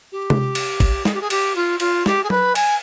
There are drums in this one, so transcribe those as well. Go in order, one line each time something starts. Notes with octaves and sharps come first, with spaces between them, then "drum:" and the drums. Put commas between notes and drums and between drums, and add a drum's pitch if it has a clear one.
G4
drum: tom C3
drum: cymbal
drum: kick, cymbal
G#4, drum: snare
G4
G#4
G4, drum: cymbal
F4
F4, drum: cymbal
G4, drum: snare
G#4
B4, drum: tom F#3
G#5, drum: cymbal